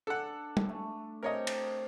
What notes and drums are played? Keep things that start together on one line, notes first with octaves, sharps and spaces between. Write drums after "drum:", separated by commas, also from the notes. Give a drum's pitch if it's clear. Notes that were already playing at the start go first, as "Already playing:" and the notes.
D4 A4 F#5
drum: tom G3
A3
C3 A#4 C#5 D#5
drum: cymbal